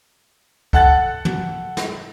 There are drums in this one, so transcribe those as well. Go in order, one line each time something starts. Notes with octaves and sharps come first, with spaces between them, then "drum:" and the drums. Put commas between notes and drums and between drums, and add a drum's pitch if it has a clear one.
A4 F#5 F#6 A6, drum: kick
drum: tom
drum: snare